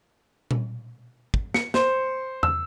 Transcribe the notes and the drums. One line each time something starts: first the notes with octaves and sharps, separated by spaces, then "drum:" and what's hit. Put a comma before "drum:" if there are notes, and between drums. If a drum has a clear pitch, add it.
drum: tom A#2
drum: kick
C#7, drum: snare
C5, drum: snare
E6, drum: tom E2